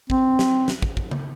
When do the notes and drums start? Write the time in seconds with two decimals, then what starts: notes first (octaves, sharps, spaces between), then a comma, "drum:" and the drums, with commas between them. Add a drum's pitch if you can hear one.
0.10 C4, drum: kick
0.39 drum: snare
0.68 drum: snare
0.82 drum: kick
0.97 drum: kick
1.11 drum: tom C#3